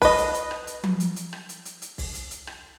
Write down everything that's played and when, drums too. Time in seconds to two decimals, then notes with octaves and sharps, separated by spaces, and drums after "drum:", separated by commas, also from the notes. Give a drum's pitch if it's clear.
0.02 B4 D#5, drum: kick B1, open hi-hat
0.18 drum: hi-hat
0.34 drum: hi-hat
0.51 drum: rim click
0.67 drum: hi-hat
0.83 drum: tom F3
1.00 drum: hi-hat
1.16 drum: hi-hat
1.33 drum: rim click
1.49 drum: hi-hat
1.65 drum: hi-hat
1.82 drum: hi-hat
1.98 drum: kick B1, open hi-hat
2.14 drum: hi-hat
2.31 drum: hi-hat
2.47 drum: rim click